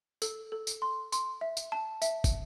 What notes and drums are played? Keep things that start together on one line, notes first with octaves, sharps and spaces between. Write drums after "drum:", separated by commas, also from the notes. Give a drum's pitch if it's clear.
A4, drum: tambourine
A4
drum: tambourine
C6
C6, drum: tambourine
E5
drum: tambourine
A5
E5, drum: tambourine
drum: kick, tambourine